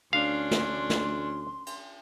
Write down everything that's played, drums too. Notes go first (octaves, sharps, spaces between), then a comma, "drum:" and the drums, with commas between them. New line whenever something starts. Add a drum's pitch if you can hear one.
D2 C#4 D4 F5 C6
drum: snare
drum: snare
drum: cymbal